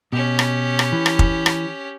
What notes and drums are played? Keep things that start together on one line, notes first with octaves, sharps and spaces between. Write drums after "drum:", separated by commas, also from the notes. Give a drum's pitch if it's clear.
B2 C#4 G4
drum: rim click
drum: rim click
E3
drum: rim click
drum: kick
drum: rim click